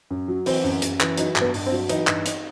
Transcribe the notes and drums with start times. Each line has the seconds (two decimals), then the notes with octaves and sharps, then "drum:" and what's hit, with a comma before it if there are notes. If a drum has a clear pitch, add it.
0.10 F#2
0.28 F#3
0.46 E3 C4, drum: open hi-hat
0.64 F#2
0.82 F#2, drum: hi-hat
1.00 E3, drum: clap
1.18 F#3 D#4, drum: hi-hat
1.36 G2, drum: clap
1.41 B3
1.54 G2, drum: open hi-hat
1.66 C4
1.72 F#3
1.90 E3 D#4, drum: hi-hat
2.07 G2, drum: clap
2.26 drum: hi-hat